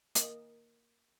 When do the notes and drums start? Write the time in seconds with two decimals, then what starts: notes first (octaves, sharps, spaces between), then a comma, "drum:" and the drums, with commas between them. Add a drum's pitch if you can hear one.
0.15 A#3 D#5, drum: hi-hat